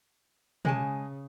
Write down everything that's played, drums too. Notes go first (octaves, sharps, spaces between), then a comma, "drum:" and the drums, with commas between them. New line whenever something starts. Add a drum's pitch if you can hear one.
C#3 G#3 G#5 A5, drum: tom B2